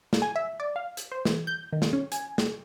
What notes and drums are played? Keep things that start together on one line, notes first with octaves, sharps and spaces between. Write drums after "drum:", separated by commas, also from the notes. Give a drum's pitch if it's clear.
drum: snare
G#5
E5
D5
F5
drum: hi-hat
C5
E3, drum: snare
G6
D#3
drum: snare
C#4
G#5, drum: hi-hat
drum: snare